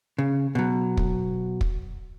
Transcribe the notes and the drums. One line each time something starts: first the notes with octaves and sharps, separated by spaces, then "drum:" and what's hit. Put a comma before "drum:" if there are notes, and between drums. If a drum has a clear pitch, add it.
C#3
B2 F#3
drum: kick
drum: kick